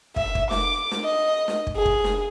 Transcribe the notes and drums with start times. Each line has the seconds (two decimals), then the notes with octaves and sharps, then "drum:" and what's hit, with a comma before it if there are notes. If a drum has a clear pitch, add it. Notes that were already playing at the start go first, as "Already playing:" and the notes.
0.16 E5, drum: kick
0.35 drum: kick
0.51 D6, drum: snare
0.91 drum: snare
1.04 D#5
1.48 drum: snare
1.67 drum: kick
1.76 G#4
1.85 drum: kick
2.04 drum: snare